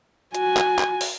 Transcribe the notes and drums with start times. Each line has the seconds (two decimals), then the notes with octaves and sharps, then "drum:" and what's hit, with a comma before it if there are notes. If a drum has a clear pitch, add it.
0.34 F#4 G#5, drum: hi-hat
0.57 drum: clap
0.79 drum: clap
1.01 drum: open hi-hat